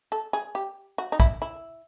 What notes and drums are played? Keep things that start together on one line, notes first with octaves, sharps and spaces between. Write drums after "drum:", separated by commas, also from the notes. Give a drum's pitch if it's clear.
A4
G#4
G4
F#4
D#4
E4, drum: kick
E4